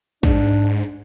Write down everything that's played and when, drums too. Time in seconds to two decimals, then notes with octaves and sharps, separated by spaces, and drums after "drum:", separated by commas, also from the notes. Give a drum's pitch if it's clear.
0.23 G#2 D4, drum: kick